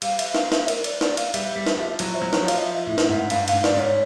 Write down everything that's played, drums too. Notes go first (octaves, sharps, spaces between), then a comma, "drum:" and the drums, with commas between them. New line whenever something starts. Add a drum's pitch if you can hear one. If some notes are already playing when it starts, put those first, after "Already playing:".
G3 F5, drum: cymbal
E5, drum: cymbal
F5, drum: snare
E5, drum: snare
A#4, drum: cymbal
D5, drum: cymbal
D5, drum: snare
F5, drum: cymbal
G3 E5, drum: cymbal
G3
drum: snare
F3
F#3 E5, drum: cymbal
C5
F#3
C#5, drum: snare
F3
F5, drum: cymbal
D#5
E5
A2
drum: snare
G#2
F#5
G2 F5, drum: cymbal
G#2 F5, drum: cymbal
D5, drum: snare
G#2 C#5